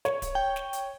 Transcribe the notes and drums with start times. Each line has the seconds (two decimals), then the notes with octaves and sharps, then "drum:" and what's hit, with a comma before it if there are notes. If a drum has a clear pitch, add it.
0.05 C#5, drum: snare
0.22 drum: kick D1, hi-hat
0.35 G5
0.56 drum: snare
0.73 drum: hi-hat